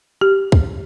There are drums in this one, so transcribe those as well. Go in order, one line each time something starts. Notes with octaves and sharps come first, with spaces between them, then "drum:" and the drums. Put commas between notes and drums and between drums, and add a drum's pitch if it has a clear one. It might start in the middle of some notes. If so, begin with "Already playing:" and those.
G4
drum: kick